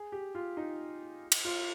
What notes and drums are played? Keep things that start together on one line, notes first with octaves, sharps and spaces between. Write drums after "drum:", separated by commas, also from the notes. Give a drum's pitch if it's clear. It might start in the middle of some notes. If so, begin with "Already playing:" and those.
Already playing: G#4
G4
F4
D#4
drum: cymbal
F4